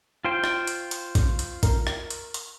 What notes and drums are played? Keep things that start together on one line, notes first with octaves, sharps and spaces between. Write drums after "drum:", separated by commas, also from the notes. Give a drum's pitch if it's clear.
F4 C5 G5
drum: rim click
drum: hi-hat
drum: hi-hat
drum: kick, hi-hat
drum: hi-hat
A#4, drum: kick, hi-hat
drum: rim click
drum: hi-hat
drum: hi-hat